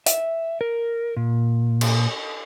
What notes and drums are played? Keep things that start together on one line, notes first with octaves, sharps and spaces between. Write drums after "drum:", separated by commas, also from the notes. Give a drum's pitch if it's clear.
E5, drum: hi-hat
A#4
A#2
drum: cymbal